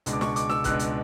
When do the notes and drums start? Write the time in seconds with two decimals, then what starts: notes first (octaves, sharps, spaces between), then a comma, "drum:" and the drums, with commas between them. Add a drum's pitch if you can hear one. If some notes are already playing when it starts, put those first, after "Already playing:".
0.06 C#2 B2 G#3 D4, drum: hi-hat
0.13 D6
0.21 C#6, drum: snare
0.36 D6, drum: hi-hat
0.49 E6, drum: snare
0.64 C#2 B2 G#3 D4 F#6, drum: kick, hi-hat
0.79 drum: hi-hat